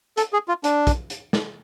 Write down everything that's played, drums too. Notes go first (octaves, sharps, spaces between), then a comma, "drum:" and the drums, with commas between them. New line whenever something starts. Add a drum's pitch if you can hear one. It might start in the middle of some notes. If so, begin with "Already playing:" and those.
A4, drum: hi-hat
G#4
F4
D4, drum: hi-hat
drum: kick, hi-hat
drum: hi-hat
drum: snare